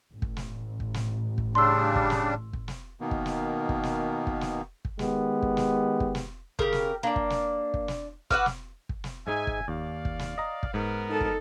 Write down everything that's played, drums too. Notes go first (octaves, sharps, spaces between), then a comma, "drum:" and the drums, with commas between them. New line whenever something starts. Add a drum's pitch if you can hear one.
A1
drum: kick
drum: snare
drum: kick
drum: snare
drum: kick
C#3 G3 D4 C6 E6
drum: kick
drum: snare
drum: kick
drum: snare
B2 D#3 A#3 B3
drum: kick
drum: snare
drum: kick
drum: snare
drum: kick
drum: snare
drum: kick
D#3 G#3 B3 G4, drum: snare
drum: kick
drum: snare
drum: kick
drum: snare
C#3 G4 A#4, drum: kick
drum: snare
A#3 D4 D5
drum: kick
drum: snare
drum: kick
drum: snare
F#4 B4 F#5 D6 E6 F6, drum: kick
drum: snare
drum: kick
drum: snare
G#2 G#3 D#4 E5 G#5
drum: kick
D#2 D5 F5
drum: kick
drum: snare
D#5 A#5
drum: kick
G#2 B3 A#4
D#4 A4
drum: kick